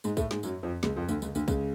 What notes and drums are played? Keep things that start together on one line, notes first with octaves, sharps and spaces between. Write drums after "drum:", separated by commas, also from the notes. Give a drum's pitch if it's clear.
G#2 G#3, drum: tambourine
A2 A3, drum: kick, tambourine
G#2 G#3, drum: snare
F#2 F#3, drum: tambourine
F2 F3
C#2 C#3, drum: snare
F2 F3
D2 D3, drum: tambourine
C#2 C#3, drum: tambourine
D2 D3, drum: tambourine
C#2 C#3, drum: kick, tambourine